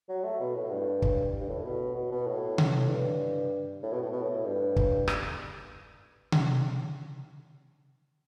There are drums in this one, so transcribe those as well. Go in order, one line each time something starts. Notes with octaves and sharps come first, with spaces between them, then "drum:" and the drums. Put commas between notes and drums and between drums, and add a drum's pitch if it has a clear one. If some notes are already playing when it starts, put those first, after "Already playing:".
F#3
A3
B2
A2
G2
drum: kick
G2
A2
B2
B2
B2
A2
drum: tom C3
G2
A2
B2
A2
B2
A2
G2
drum: kick
drum: rim click
drum: tom C3